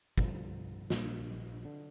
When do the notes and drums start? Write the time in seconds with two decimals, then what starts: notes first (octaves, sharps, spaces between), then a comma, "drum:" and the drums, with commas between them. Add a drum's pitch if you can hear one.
0.18 G2 D3 F3, drum: kick
0.90 A#1 A#2 G3 A#3, drum: snare
1.65 D3